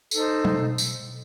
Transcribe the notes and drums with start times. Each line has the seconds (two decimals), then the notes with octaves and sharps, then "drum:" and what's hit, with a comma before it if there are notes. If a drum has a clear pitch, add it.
0.11 D#4 A4 C5, drum: tambourine
0.45 drum: tom B2
0.78 drum: tambourine